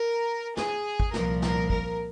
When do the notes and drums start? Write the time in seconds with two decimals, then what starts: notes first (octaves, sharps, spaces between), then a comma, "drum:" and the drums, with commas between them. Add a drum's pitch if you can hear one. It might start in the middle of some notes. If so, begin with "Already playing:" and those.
Already playing: A#4
0.57 G#4, drum: snare
1.00 drum: kick G#1
1.14 C2 A#2 F3 A#4, drum: snare
1.42 A#4, drum: snare
1.70 A#4, drum: kick G#1